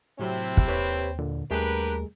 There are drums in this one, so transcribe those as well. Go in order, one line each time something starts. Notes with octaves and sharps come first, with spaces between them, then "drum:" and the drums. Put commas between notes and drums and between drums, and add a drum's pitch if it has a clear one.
A2 C3 F#3 C4 E4
drum: kick
D#2 G4 B4 C#5
A#2 D3
D#2 G3 A3 D4 G4 G#4 A#4 B4